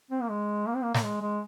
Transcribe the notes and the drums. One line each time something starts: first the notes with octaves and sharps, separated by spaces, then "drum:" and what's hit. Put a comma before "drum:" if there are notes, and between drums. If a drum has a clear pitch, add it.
C4
A#3
G#3
A#3
C4
A#3
A#3, drum: snare
G#3
G#3